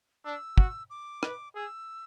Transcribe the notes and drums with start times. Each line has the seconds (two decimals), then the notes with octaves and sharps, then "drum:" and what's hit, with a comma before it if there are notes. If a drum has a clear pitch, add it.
0.25 D4 E6
0.58 F#4, drum: kick
0.90 D6
1.23 B4, drum: rim click
1.55 G#4 E6